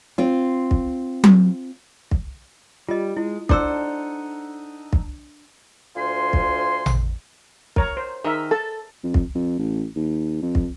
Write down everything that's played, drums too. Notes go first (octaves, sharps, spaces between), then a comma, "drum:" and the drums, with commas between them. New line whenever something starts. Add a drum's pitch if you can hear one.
C4 F4
drum: kick
drum: tom F#3
drum: kick
G3 F4 D#5
G#3 E4
D4 D#4 A4 C5 F#5 D6 E6, drum: kick
drum: kick
D2 F4 C5 G#5 C6
drum: kick
drum: tom A1
A#4 C#5 A#5, drum: kick
C5
D#3 G#4 A#4 E5
A4 A5
F2
drum: kick
F2
A1
D#2
F2
drum: kick